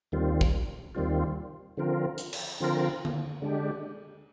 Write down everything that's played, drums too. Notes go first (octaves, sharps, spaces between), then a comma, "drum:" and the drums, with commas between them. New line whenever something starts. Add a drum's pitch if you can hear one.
D#2 D#3 G3 C4 F4
drum: kick
D#2 D#3 G3 C4 F4
D3 F3 C4 F4 A#4
drum: hi-hat
drum: cymbal
D3 F3 C4 F4 A#4
drum: tom D3
D3 G#3 D4 G4